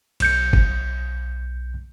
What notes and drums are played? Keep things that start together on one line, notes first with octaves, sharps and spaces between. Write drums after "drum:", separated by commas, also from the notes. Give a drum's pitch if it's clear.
B1 G6 C#7, drum: cymbal
drum: kick G1